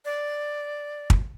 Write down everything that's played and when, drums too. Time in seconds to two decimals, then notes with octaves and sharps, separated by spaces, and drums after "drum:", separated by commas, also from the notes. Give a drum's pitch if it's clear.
0.05 D5
1.10 drum: kick